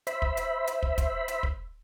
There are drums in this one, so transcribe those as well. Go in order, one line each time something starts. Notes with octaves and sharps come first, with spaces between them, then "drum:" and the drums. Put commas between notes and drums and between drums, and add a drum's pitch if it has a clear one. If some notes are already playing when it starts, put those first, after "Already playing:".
C5 E5 B5, drum: hi-hat
drum: kick
drum: hi-hat
drum: hi-hat
drum: kick
drum: kick, hi-hat
drum: hi-hat
drum: kick